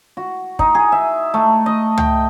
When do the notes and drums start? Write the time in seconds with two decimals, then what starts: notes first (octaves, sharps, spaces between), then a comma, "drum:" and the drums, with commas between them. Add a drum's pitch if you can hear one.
0.17 F#4
0.59 D#4, drum: kick
0.75 G#4
0.92 E5
1.34 A3
1.66 D#5
1.98 G5, drum: tom